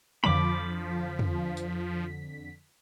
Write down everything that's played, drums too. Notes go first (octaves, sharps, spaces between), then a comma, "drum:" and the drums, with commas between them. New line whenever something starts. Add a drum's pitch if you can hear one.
F2 D3 F3 B5 D6 B6, drum: tom
drum: tom
drum: tambourine